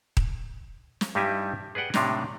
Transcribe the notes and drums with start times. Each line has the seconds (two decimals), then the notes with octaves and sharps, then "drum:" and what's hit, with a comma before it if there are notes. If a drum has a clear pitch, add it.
0.17 drum: kick D#1
1.01 drum: snare
1.15 G2 G3 D#4 E4 G4 G#5
1.75 G#4 B4 D5 F#5 G5
1.94 A2 C3 D4 D#4 F5 G#5, drum: snare